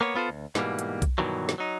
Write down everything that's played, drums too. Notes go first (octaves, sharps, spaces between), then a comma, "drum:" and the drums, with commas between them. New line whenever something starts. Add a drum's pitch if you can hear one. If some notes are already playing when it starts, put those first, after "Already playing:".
A#3 B3 C#5
B3 F4 A4 C5
D2
G#2 B2 E3 F#3 G3 A#3, drum: snare
drum: hi-hat
drum: kick B1, hi-hat
G2 B2 D#3 E3 F#3
drum: snare
F#3 D#4